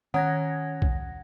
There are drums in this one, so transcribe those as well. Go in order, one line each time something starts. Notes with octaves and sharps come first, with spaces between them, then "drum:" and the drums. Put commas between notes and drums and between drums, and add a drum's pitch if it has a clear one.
D#3 C#4 F#5 G#6 A#6
drum: kick B1